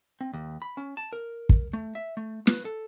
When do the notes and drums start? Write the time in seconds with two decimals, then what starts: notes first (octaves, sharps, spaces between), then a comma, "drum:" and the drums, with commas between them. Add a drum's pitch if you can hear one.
0.21 C4
0.33 D#2
0.62 B5
0.77 C#4
0.97 A5
1.13 A#4
1.49 drum: kick
1.73 A3
1.95 E5
2.17 A3
2.47 B4, drum: snare
2.65 A4